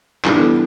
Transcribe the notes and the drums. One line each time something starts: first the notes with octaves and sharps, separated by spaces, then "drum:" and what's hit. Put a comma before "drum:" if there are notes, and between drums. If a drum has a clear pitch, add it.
E3 G3 B3 D4 A4, drum: clap